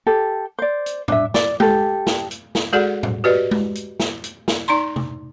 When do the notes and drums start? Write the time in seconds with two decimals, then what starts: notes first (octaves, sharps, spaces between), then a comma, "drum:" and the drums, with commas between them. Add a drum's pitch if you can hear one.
0.07 G4 A4
0.59 C5 D5
0.86 drum: hi-hat
1.08 D4 E5, drum: tom A2
1.34 D5, drum: snare
1.60 G4 A4, drum: tom G#3
2.07 drum: snare
2.31 drum: hi-hat
2.55 drum: snare
2.73 G#3 F#4 G#4 A4 D5 F#5
3.03 drum: tom A2
3.24 F#4 G4 B4 D5 D#5
3.51 drum: tom G#3
3.75 drum: hi-hat
4.00 drum: snare
4.24 drum: hi-hat
4.48 drum: snare
4.68 D#4 D5 A#5 C6
4.96 drum: tom C3